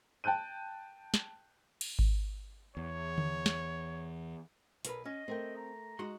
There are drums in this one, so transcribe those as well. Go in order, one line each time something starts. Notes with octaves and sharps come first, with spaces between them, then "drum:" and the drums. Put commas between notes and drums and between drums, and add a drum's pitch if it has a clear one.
G5 A5 F#6 G6 D#7
drum: snare
drum: cymbal
drum: kick G#1
E2 C#5
drum: tom D3
drum: snare
B1 A#4 B4, drum: hi-hat
C#4 D#5
A3 C4 A#4 G5
A#5
G#3 D#4 F#4 C6